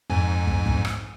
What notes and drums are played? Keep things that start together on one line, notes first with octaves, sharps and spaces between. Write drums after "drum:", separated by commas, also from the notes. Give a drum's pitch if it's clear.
F2 G#2 G#5
drum: kick
drum: kick
drum: rim click